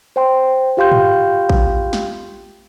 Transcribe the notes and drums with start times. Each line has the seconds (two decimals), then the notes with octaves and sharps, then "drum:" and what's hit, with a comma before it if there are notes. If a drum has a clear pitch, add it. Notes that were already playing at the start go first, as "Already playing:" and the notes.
0.16 C5 G5 C6
0.77 F4 G4 F5 G5 C6 G6
0.92 drum: tom
1.49 drum: kick A1
1.93 drum: snare